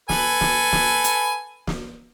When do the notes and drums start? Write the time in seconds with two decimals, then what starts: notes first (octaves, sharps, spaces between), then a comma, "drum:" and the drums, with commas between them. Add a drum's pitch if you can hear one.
0.09 A4 B4 G#5, drum: snare
0.41 drum: snare
0.72 drum: snare
1.04 drum: hi-hat
1.67 drum: snare